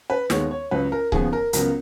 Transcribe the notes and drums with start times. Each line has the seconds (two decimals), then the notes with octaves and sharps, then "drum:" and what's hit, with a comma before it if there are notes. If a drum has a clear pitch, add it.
0.10 B4
0.30 D#2 D#3 G#3 B3 C#5, drum: snare
0.51 C#5
0.71 C#2 C#3 F#3 C#4 B4
0.92 A#4
1.12 D#2 C#3 F3 B3 G#4, drum: kick C#1
1.33 A#4
1.53 C#2 C#3 F#3 B3 A#4, drum: hi-hat